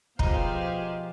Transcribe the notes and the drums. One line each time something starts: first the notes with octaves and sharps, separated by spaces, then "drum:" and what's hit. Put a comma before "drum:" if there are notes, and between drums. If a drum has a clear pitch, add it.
B2 F3 D#4 F4 G4 G#4 C5 F5, drum: kick